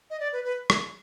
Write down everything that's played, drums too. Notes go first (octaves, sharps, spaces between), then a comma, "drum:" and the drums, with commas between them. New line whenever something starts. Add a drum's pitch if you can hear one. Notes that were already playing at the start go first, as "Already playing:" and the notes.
D#5
D5
B4
B4
drum: rim click